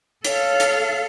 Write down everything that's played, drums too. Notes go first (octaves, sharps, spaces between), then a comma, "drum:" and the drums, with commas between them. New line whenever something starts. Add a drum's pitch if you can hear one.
A4 C#5 F5, drum: hi-hat
drum: hi-hat